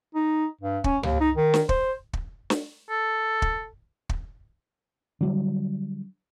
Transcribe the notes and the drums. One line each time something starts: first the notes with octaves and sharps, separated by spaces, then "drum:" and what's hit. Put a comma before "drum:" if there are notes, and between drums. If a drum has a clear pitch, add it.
D#4
G2
C#4, drum: kick
D#2, drum: tom C#2
D#4
D#3
drum: snare
C5, drum: kick
drum: kick
drum: snare
A4
drum: kick
drum: kick
D3 F#3 G3